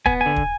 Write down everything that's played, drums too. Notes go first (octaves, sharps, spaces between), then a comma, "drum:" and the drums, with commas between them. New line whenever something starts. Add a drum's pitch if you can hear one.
B3 G#5, drum: kick
G#5
D3
drum: kick